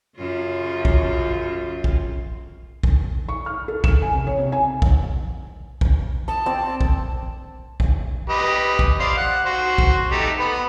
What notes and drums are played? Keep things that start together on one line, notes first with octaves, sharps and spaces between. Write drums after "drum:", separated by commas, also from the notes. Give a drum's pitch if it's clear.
F#2 C#3 F4
drum: kick
drum: kick
drum: kick
C#6
F6
A4
E7, drum: kick
G#5
C3
C#5
C3
G#5
drum: kick
drum: kick
A5 D#6
C4 D5
drum: kick
drum: kick
G4 B4 D#5
drum: kick
C5 D5 F5
F#5
F#4 C5
drum: kick
A3 D#4 G4
B3 B4